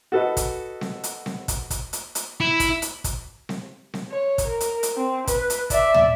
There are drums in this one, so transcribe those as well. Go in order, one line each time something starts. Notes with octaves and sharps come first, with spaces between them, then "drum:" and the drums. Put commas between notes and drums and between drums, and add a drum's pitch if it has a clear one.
F#4 A4 B4 D#5
drum: kick, hi-hat
drum: snare C4
drum: hi-hat
drum: snare C4
drum: kick, hi-hat
drum: kick, hi-hat
drum: hi-hat
drum: hi-hat
E4
drum: kick, hi-hat
drum: hi-hat
drum: kick, hi-hat
drum: snare C4
drum: snare C4
C#5
drum: kick, hi-hat
A#4
drum: hi-hat
drum: hi-hat
C4
B4, drum: kick, hi-hat
drum: hi-hat
D5 E5, drum: kick, hi-hat
drum: tom